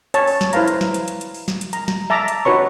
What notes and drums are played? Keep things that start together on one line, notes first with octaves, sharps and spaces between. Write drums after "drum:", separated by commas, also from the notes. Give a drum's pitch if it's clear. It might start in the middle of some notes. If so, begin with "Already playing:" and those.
C#5 A5, drum: hi-hat
drum: open hi-hat
drum: snare
E4 B4 C5 F5 A#5, drum: hi-hat
drum: hi-hat
drum: snare
drum: hi-hat
drum: hi-hat
drum: hi-hat
drum: open hi-hat
drum: snare
drum: hi-hat
A#5, drum: hi-hat
drum: snare
E5 A5 A#5 D6
drum: hi-hat
D#4 F#4 B4 C#5 C#6